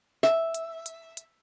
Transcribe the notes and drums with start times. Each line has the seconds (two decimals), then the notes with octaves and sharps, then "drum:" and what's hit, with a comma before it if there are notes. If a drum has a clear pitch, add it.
0.23 E5, drum: snare
0.54 drum: hi-hat
0.86 drum: hi-hat
1.17 drum: hi-hat